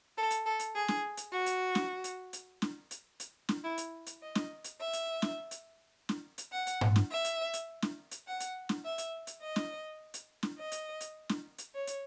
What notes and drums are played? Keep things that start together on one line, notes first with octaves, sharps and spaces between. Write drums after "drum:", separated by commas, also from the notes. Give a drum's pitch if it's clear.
A4
drum: hi-hat
A4
drum: hi-hat
G#4
drum: snare
drum: hi-hat
F#4
drum: hi-hat
drum: snare
drum: hi-hat
drum: hi-hat
drum: snare
drum: hi-hat
drum: hi-hat
drum: snare
E4
drum: hi-hat
drum: hi-hat
D#5
drum: snare
drum: hi-hat
E5
drum: hi-hat
drum: snare
drum: hi-hat
drum: snare
drum: hi-hat
F#5
drum: hi-hat
drum: tom G#2
drum: snare
E5
drum: hi-hat
drum: hi-hat
drum: snare
drum: hi-hat
F#5
drum: hi-hat
drum: snare
E5
drum: hi-hat
drum: hi-hat
D#5
drum: snare
drum: hi-hat
drum: snare
D#5
drum: hi-hat
drum: hi-hat
drum: snare
drum: hi-hat
C#5
drum: hi-hat